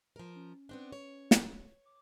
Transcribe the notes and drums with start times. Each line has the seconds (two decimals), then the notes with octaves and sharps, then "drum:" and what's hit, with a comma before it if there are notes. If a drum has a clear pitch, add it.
0.16 F3 A#4
0.35 C#4
0.69 B3 C4 D4
0.92 C#5
1.31 drum: snare
1.85 D6